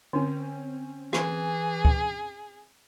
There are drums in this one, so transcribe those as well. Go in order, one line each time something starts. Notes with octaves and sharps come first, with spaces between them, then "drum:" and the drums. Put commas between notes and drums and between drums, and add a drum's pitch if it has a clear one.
D3 C4 C#4
E3 G#4, drum: rim click
drum: kick